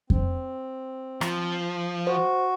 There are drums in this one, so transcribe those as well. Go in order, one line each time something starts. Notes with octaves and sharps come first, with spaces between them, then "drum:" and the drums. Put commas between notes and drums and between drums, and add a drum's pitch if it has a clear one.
C4, drum: kick F2
F3, drum: rim click
F#4 C5